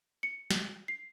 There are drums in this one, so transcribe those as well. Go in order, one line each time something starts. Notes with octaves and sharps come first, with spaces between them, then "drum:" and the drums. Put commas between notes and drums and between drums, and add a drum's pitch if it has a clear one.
C#7
drum: snare
C7